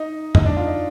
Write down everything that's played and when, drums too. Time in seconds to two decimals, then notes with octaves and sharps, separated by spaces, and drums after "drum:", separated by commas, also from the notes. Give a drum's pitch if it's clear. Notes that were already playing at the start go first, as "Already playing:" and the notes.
Already playing: D#4
0.35 D#4, drum: tom
0.46 D4
0.57 F4
0.66 D#4